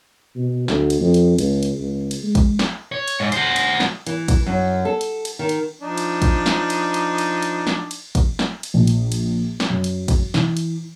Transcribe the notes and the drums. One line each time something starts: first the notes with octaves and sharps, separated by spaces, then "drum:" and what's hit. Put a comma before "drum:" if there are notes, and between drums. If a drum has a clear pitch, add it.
B2
D2, drum: snare
drum: cymbal
F2
drum: cymbal
C#2, drum: cymbal
drum: cymbal
C#2
drum: cymbal
G#3
drum: kick A1, cymbal
drum: snare
C#5
drum: cymbal
G#2
F#4 C5, drum: cymbal
drum: cymbal
drum: snare
E3, drum: cymbal
drum: kick A1, cymbal
F#2
A4
drum: cymbal
drum: cymbal
D#3
drum: cymbal
F3 D4 D#4
drum: cymbal
drum: kick A1, cymbal
drum: snare
drum: cymbal
drum: cymbal
drum: cymbal
drum: cymbal
drum: snare
drum: cymbal
drum: kick A1, cymbal
drum: snare
drum: cymbal
A#1
drum: cymbal
drum: cymbal
drum: snare
F#2
drum: cymbal
drum: kick A1, cymbal
E3, drum: snare
drum: cymbal